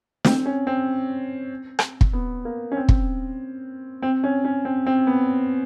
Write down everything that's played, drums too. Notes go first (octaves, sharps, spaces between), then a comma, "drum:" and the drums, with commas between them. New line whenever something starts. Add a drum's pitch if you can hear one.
C4, drum: snare
C#4
C4
drum: rim click
drum: kick
B3
A#3
C#4
C4
drum: kick
C4
C#4
C#4
C4
C4
B3